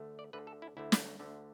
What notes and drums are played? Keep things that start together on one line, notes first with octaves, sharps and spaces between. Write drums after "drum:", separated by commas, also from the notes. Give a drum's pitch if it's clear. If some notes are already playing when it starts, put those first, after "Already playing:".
Already playing: D2 D3 A3
D5
D2 D3 A3 B4
A4
E4
D2 D3 A3 E4
drum: snare
D2 D3 A3